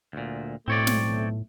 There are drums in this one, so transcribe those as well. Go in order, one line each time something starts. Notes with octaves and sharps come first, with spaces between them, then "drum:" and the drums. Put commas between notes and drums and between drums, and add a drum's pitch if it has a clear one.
D2 A#2
B1 A2 A3 C4 C#5 D5
drum: snare